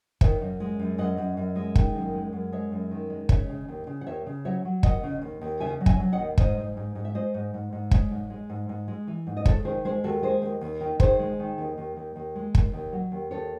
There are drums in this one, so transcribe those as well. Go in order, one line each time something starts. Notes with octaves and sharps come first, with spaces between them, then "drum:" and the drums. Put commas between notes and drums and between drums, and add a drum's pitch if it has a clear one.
D#3 C#5 E5, drum: kick
F#2
G#3
F#2
F#2 D#5 F#5
F#2
F#2
G#3
D#3, drum: kick
F#2
G#3
F#2
G#3 C#5 E5
F#2
D#3
G#3
C#3 C#5 E5, drum: kick
C#3
D#2
C#3
F#5
D#2 C#5 E5
C#3
F#3 C#5 E5
F#3
D#2 D#5 F#5, drum: kick
C#3
D#2
D#2
C#3 E5 G#5
F#3
E5 G#5, drum: kick
F#3
D#5 F#5
D#2
G#2 C5 D#5, drum: kick
G#2
G#2
G#2
E5
G#3 C5 D#5
G#2
G#2
G#2
G#3 C#5 E5, drum: kick
G#2
G#3
G#2
G#2
G#3
E3
G#2
D#5
G#3 A4 C#5, drum: kick
D#3 G#4 C5
G#3 G#4 C5
D#2 F#4 A4
G#3 G#4 C5
D#2
D#2
D#3
D#3 G#4 C5, drum: kick
G#3
D#3
D#2
D#2
D#2
D#2
G#3
D#2, drum: kick
D#2
F#3
D#2
D#2 A4 C#5